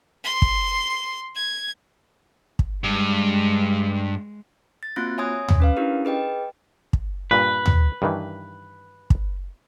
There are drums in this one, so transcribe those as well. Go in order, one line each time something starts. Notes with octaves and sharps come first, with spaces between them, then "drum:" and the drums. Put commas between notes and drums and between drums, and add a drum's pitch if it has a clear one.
C6
drum: kick
G#6
drum: kick
G2 G#3
A6
A#3 C4 F4 F#4 F#6 A#6
C#5 E5 G#5 C6 D#6 G#6
drum: tom
C#4 B4 F5
C#4 D4 E4 G4 A#4
G#4 B4 D#5 G5
drum: kick
G2 A#2 B4
drum: tom
G2 D#3 E3
drum: kick